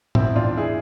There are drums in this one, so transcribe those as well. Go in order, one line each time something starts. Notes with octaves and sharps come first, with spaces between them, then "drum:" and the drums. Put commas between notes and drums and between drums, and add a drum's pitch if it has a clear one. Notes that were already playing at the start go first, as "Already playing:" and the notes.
E2 B2 C4 E4, drum: tom G#2
D4 F4
E4 G#4